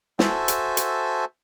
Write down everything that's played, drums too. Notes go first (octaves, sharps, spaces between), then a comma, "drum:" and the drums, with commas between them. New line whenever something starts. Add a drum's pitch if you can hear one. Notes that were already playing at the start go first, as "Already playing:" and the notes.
F#4 A4 C5 E5 G#5 A5, drum: snare
drum: hi-hat
drum: hi-hat